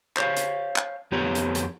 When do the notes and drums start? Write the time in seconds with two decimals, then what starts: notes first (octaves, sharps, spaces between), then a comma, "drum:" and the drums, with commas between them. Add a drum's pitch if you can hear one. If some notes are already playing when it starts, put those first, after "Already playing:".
0.17 C5 C#5 F5, drum: clap
0.37 drum: hi-hat
0.76 drum: clap
1.12 F2 B3 G4 C#5 A#5
1.35 drum: hi-hat
1.55 drum: hi-hat